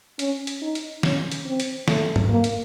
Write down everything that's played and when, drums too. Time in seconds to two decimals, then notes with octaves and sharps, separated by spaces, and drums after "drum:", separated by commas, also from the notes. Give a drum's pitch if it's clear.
0.19 C#4, drum: hi-hat
0.47 drum: hi-hat
0.62 D#4
0.75 drum: hi-hat
1.03 C#4, drum: snare
1.32 drum: hi-hat
1.46 C4
1.60 drum: hi-hat
1.88 A3, drum: snare
2.16 drum: tom
2.30 A#3
2.44 drum: hi-hat